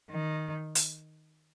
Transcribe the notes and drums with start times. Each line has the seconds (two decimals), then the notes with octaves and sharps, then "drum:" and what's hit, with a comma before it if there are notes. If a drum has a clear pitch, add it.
0.10 D#3
0.75 drum: hi-hat